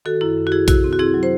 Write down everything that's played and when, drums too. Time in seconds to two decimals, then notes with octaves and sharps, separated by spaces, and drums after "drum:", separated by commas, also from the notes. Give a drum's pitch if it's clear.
0.05 D#3 F#4 A4
0.21 F#2 E4
0.37 F#2
0.47 F#4
0.52 F#2 E4 G#4
0.68 C3 F#4, drum: kick A#1, hi-hat
0.84 C4
0.93 F#4
0.99 C4 E4 G#4
1.14 F#3
1.23 C5